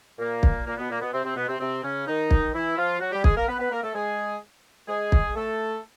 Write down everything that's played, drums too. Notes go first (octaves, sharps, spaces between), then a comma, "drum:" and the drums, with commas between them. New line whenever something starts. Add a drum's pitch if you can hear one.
A#2 A#3
drum: kick
A#2 A#3
B2 B3
A#2 A#3
B2 B3
C3 C4
C3 C4
B2 B3
C3 C4
C3 C4
C#3 C#4
D#3 D#4
drum: kick
E3 E4
F3 F4
F#3 F#4
G3 G4
G#3 G#4, drum: kick
A#3 A#4
B3 B4
B3 B4
A#3 A#4
A3 A4
G#3 G#4
G#3 G#4
drum: kick
A3 A4